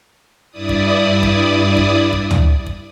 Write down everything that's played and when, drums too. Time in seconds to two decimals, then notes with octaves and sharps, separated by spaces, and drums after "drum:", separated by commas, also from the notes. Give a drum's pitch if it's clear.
0.51 G2 E4 D5 D#6
0.69 drum: kick
1.23 drum: kick
1.77 drum: kick
2.13 drum: kick
2.31 drum: tom
2.67 drum: kick